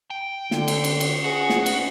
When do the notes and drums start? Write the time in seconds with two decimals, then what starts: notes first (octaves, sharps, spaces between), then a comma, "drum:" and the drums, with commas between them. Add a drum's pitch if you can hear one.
0.10 G5
0.51 D3, drum: snare
0.68 drum: cymbal
0.84 drum: cymbal
1.00 drum: cymbal
1.24 F#4 G#4
1.50 drum: snare
1.66 drum: cymbal